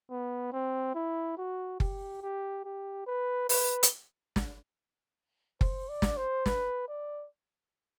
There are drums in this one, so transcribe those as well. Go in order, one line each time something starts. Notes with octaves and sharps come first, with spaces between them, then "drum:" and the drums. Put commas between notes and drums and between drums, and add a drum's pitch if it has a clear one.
B3
C4
E4
F#4
G4, drum: kick F#1
G4
G4
B4
B4, drum: open hi-hat
drum: hi-hat
drum: snare
C5, drum: kick F#1
D5
drum: snare
C5
B4, drum: snare
D5